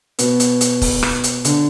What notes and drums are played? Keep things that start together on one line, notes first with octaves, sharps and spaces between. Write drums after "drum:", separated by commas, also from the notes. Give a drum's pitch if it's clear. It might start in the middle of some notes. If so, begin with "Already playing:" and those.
B2 B3, drum: hi-hat
drum: hi-hat
drum: hi-hat
drum: kick, open hi-hat
drum: rim click
drum: hi-hat
D3 D4, drum: hi-hat